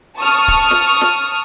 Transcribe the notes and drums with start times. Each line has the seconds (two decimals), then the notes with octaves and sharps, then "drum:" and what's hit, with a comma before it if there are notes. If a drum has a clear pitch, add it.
0.19 A5 C#6 D#6 F6
0.48 drum: kick C#1
0.71 drum: snare
1.01 drum: snare